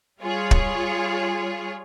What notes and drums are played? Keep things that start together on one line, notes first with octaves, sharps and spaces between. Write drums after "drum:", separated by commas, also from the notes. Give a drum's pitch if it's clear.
G3 F4 G#4 C#5
drum: kick